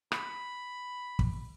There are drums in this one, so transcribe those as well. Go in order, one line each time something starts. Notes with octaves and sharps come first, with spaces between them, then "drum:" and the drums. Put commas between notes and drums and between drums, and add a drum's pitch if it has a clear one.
B5, drum: rim click
drum: kick